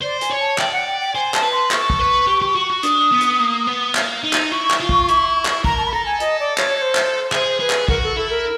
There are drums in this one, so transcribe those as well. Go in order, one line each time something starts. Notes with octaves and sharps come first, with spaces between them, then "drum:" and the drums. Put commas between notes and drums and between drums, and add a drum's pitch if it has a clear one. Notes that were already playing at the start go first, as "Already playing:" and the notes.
C5 D5
G#5, drum: hi-hat
C#5
A5
D5 G5, drum: clap
F#5
G5
G5
C5 G#5
A5, drum: clap
B4
C6
A4 C#6, drum: clap
drum: kick
B4
G4
G4
F#4
F#4
D4 D#6, drum: hi-hat
B3
drum: hi-hat
A#3
B3
A#3, drum: clap
D#4
drum: clap
E4 C#6
drum: clap
F4
drum: kick
E4, drum: hi-hat
drum: clap
A#4 A#5, drum: kick
A5
B5
A4 A#5
G#5
D#5, drum: hi-hat
D5
C#5, drum: clap
C#5
C5
drum: clap
G#4 C5, drum: clap
G#4 B4
drum: clap
F#4 A#4, drum: kick
A4
E4 A4
A#4